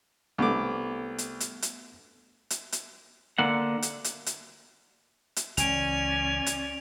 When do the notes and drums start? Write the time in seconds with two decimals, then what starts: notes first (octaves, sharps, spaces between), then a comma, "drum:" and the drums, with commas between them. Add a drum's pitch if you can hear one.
0.38 C2 A3 B3 D4 D6
1.18 drum: hi-hat
1.40 drum: hi-hat
1.62 drum: hi-hat
2.50 drum: hi-hat
2.72 drum: hi-hat
3.38 D3 A#3 F#5
3.82 drum: hi-hat
4.04 drum: hi-hat
4.26 drum: hi-hat
5.36 drum: hi-hat
5.57 C#2 E3 C#4 D5 G#5 D7 F7, drum: hi-hat
6.46 drum: hi-hat